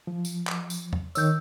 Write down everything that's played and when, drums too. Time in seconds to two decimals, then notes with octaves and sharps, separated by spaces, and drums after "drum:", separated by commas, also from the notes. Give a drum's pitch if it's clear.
0.07 F3
0.25 drum: tambourine
0.47 drum: clap
0.70 drum: tambourine
0.93 drum: tom
1.15 D#3 C#5 E6 G6, drum: tambourine